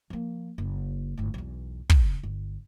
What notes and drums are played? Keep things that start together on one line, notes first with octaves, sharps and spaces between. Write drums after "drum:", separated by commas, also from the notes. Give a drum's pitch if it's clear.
F3 A#3
F#1
G1 A2
B1 E2
drum: kick
C#3
G1